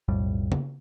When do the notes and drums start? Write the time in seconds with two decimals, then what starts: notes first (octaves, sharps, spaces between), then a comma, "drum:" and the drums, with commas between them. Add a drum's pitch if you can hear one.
0.08 B1 F2 A2 G3
0.52 drum: tom C#3